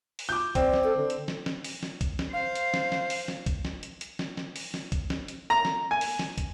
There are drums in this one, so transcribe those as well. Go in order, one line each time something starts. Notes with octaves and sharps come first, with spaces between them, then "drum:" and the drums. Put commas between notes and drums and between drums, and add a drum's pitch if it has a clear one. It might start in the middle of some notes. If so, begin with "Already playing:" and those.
drum: open hi-hat
F4 D6 G6
C4 D5, drum: kick, hi-hat
drum: snare
A4
D3
drum: hi-hat
drum: snare
drum: snare
drum: open hi-hat
drum: snare
drum: kick, hi-hat
drum: snare
C5 F5
drum: hi-hat
drum: snare
drum: snare
drum: open hi-hat
drum: snare
drum: kick, hi-hat
drum: snare
drum: hi-hat
drum: hi-hat
drum: snare
drum: snare
drum: open hi-hat
drum: snare
drum: kick, hi-hat
drum: snare
drum: hi-hat
A#5
drum: snare
G#5
drum: open hi-hat
drum: snare
drum: kick, hi-hat